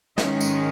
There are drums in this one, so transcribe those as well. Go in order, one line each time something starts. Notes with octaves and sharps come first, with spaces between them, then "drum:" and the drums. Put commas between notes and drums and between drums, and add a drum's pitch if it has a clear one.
G#2 D#3 G#3 C#4 D#5, drum: snare
drum: tambourine